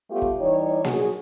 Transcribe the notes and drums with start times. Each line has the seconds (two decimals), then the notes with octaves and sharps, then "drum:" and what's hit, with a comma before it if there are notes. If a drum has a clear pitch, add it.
0.10 G3 A3 B3 F4 G4
0.22 drum: kick
0.39 E3 G3 D#4 C#5
0.84 F#3 F#4 G#4, drum: snare A#3